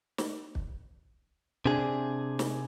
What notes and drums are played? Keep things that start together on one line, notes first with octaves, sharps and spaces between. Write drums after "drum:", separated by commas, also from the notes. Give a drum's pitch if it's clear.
drum: snare
drum: kick
C3 D4 G#4
drum: snare